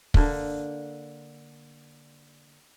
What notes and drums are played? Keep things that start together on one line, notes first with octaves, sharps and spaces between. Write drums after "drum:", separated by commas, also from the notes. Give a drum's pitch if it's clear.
D3 A#3, drum: kick